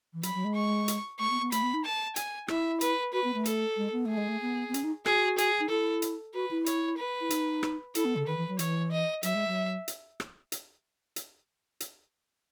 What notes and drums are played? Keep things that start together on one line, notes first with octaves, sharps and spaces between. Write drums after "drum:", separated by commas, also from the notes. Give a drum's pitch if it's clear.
E3
F#3 B5, drum: hi-hat
F#3
G#3
C#6
drum: hi-hat
A3 C#6
B3
B3
A3 B5, drum: hi-hat
B3
D#4
A5
G#5, drum: hi-hat
E4 E5, drum: rim click
B4, drum: hi-hat
F#4 B4
B3
A3
A4, drum: hi-hat
G#3
B3
A3 G#4
G#3
A3
B3
B3
C#4, drum: hi-hat
D#4
F#4 G#4, drum: rim click
G#4, drum: hi-hat
D#4
E4 A4
drum: hi-hat
F#4 B4
E4
C#5, drum: hi-hat
B4
E4
D#4, drum: hi-hat
drum: rim click
E4 A4, drum: hi-hat
B3
C#3
D#3 B4
E3
F#3
E3 C#5, drum: hi-hat
D#5
F#3 E5, drum: hi-hat
G#3
F#3
drum: hi-hat
drum: rim click
drum: hi-hat
drum: hi-hat
drum: hi-hat